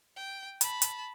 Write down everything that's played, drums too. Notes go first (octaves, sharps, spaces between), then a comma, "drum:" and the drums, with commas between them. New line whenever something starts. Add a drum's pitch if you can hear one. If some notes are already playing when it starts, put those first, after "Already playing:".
G5
A5 B5, drum: hi-hat
drum: hi-hat